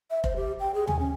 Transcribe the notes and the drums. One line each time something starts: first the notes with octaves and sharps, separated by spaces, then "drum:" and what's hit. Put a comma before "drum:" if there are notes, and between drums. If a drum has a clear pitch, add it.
E5
C5, drum: kick F1
G4
G5
G#4
G#5, drum: tom D#2
C#4